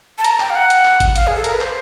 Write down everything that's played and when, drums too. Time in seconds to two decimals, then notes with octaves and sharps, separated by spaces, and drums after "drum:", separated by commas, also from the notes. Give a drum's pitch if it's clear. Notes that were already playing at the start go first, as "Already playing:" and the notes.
0.18 A5
0.24 A#5, drum: hi-hat
0.40 G5, drum: clap
0.50 F5
0.55 F#5
0.70 drum: hi-hat
0.85 drum: clap
1.00 drum: kick G#1, hi-hat
1.16 F5, drum: hi-hat
1.27 G#4
1.36 A4
1.44 A#4, drum: hi-hat
1.52 B4
1.61 C5, drum: clap